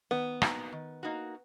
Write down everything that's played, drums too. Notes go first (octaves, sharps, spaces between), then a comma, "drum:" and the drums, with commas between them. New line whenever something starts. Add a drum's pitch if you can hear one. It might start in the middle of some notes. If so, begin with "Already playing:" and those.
D#3 B3
A#3 D#4 F#4, drum: rim click
D#3
A#3 D#4 F#4